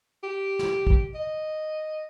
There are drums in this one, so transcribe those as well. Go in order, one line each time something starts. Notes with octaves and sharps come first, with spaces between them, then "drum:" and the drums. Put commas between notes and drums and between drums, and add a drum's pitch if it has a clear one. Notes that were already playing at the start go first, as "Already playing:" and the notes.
G4
drum: snare
drum: kick
D#5